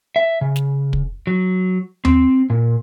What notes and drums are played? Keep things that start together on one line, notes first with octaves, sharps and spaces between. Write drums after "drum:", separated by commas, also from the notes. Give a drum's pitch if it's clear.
E5
C#3
drum: snare
drum: kick
F#3
C4, drum: tom D#2
A#2